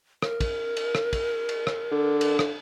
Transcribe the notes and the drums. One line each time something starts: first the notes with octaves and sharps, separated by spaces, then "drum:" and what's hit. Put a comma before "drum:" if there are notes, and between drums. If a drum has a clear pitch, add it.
A#4, drum: rim click
drum: kick, cymbal
drum: cymbal
drum: rim click
drum: kick, cymbal
drum: cymbal
drum: rim click
D3
drum: cymbal
drum: rim click